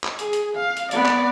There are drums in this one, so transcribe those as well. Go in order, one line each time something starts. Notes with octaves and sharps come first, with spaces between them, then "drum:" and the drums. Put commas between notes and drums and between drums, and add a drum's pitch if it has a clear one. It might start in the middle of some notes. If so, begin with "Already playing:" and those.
drum: clap
G#4, drum: hi-hat
drum: hi-hat
F5
drum: hi-hat
B3 D5, drum: hi-hat
drum: clap